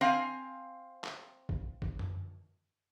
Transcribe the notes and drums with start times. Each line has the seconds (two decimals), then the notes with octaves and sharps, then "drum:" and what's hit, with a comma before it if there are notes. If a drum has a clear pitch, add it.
0.01 C4 F5 G#5
1.04 drum: clap
1.49 drum: kick
1.82 drum: kick
1.99 drum: tom F#2